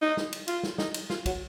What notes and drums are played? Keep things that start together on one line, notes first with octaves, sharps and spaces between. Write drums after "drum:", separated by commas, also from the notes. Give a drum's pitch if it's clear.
D#4
drum: snare
drum: cymbal
F4, drum: cymbal
drum: snare
D#4, drum: snare
drum: cymbal
F4, drum: snare
F#3, drum: kick, cymbal